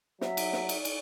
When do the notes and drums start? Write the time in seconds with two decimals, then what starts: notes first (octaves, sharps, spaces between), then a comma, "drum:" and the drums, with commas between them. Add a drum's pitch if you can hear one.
0.21 F#3 E5, drum: snare
0.37 drum: cymbal
0.53 drum: snare
0.69 drum: cymbal
0.85 drum: cymbal